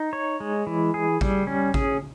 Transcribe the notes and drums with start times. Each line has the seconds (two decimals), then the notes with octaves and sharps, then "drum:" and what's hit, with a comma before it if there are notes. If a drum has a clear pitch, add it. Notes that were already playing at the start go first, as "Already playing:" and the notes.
Already playing: D#4
0.13 C#5
0.40 G#3
0.67 E3
0.94 G#4
1.21 G3, drum: kick A1
1.47 C#4
1.74 G#4, drum: kick A1